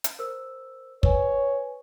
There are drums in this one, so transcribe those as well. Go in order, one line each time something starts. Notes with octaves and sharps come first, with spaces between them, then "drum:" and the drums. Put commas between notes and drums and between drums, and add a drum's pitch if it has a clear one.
drum: hi-hat
A#4 C5 E6
B4 C#5 G#5, drum: kick